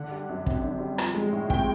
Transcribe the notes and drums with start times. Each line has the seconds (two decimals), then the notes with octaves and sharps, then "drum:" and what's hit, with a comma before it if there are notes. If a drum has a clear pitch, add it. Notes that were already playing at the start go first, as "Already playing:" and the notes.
Already playing: D3 F#5
0.11 G3
0.29 F#2
0.46 C4, drum: kick
0.64 D3
0.80 G3
0.98 F3, drum: rim click
1.15 G#3
1.33 A2
1.50 C4 G5, drum: kick